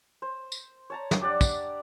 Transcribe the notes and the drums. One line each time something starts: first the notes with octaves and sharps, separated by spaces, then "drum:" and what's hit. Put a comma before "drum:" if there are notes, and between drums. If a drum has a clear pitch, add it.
C5
drum: tambourine
C#5 A5 A#5
drum: snare
D4 G4 D5 F#5
drum: kick, tambourine